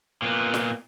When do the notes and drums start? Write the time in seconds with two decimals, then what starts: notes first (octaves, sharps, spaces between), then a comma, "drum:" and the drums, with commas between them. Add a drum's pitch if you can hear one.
0.22 A#2 B3
0.54 drum: snare